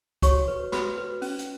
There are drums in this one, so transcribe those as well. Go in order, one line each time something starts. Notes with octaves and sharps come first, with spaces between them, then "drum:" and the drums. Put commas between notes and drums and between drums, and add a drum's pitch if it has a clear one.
F#4 C#5 C#6, drum: kick, hi-hat
B4
F#4 B4 B5, drum: snare
B4
C#4, drum: open hi-hat
drum: hi-hat